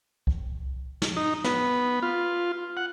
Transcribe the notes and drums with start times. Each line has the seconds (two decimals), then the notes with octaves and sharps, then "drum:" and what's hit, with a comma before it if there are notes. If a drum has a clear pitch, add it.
0.27 drum: kick C2
1.02 drum: snare
1.17 D#4
1.44 B3, drum: snare
2.02 F4
2.77 F#5